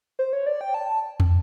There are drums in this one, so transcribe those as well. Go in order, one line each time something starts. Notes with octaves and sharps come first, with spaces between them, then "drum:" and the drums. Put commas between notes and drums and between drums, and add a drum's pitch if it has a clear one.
C5
C#5
D5
G5
A5
drum: tom